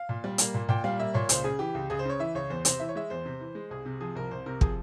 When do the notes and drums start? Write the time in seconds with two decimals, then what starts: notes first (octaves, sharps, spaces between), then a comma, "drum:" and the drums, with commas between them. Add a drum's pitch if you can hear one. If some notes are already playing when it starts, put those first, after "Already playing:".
Already playing: F5
0.09 A#2
0.24 G3
0.38 A#3, drum: hi-hat
0.54 A#2
0.69 A#2 G5
0.84 G3 F5
0.99 A#3 E5
1.14 A#2 C#5
1.29 C#2 C5, drum: hi-hat
1.44 C#3 G#4
1.59 E3 G4
1.75 C#2
1.90 C#2 G#4
1.99 C5
2.05 C#3 C#5
2.19 E3 E5
2.35 C#2 C#5
2.50 E2 C5
2.65 C3 C5, drum: hi-hat
2.80 E3 E5
2.89 C#5
2.95 G#3 E5
3.10 E2 C5
3.25 C3
3.41 E3
3.55 G#3
3.70 C2 G#4
3.86 C3
4.01 F3 G#4
4.16 C2 A#4
4.31 C2 C5
4.46 C3 A#4
4.61 F3 G#4, drum: kick